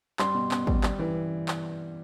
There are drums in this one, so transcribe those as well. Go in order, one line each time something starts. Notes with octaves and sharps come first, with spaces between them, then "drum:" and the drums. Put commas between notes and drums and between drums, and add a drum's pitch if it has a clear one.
G3 C6, drum: clap
B2
B2, drum: clap
G3, drum: kick
G3, drum: clap
E3
drum: clap